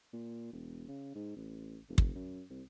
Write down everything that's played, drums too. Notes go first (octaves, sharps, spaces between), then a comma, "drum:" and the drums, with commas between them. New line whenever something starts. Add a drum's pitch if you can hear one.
A#2
E1
C#3
G#2
A1
F1
drum: kick
F#2
C2